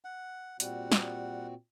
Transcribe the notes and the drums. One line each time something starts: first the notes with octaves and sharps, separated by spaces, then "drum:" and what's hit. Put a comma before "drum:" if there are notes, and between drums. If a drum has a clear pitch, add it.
F#5
A#2 G3 C4 F#4 F#5, drum: hi-hat
drum: snare